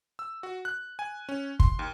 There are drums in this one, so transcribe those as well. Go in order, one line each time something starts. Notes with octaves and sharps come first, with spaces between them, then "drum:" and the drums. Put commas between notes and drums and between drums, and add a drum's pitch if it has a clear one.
E6
F#4
F#6
G#5
C#4
C6, drum: kick
D#2